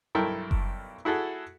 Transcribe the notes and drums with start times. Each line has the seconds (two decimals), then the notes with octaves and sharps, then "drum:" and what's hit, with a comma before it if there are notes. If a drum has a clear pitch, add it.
0.15 B1 G2 E4 A4 A#4 G5
0.51 drum: kick F#1
1.05 E4 F#4 G#4 A4